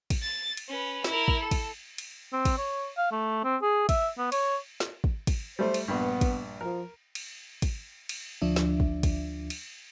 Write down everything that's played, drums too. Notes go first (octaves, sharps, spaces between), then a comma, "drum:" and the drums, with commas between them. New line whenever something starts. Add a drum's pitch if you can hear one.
drum: kick, cymbal
A6
drum: cymbal
C#4 B4
E4 A#4, drum: snare
drum: kick
A4
drum: kick, cymbal
drum: cymbal
C4
drum: kick, cymbal
C#5
F5
A3
C4
G#4
E5, drum: kick, cymbal
B3
C#5, drum: cymbal
drum: snare
drum: kick
drum: kick, cymbal
G3 A3 C5
drum: cymbal
A#1 G2 B3
drum: kick, cymbal
F3 A#4
drum: cymbal
drum: kick, cymbal
drum: cymbal
D2 F3 D4 E5
drum: snare
drum: kick
drum: kick, cymbal
drum: cymbal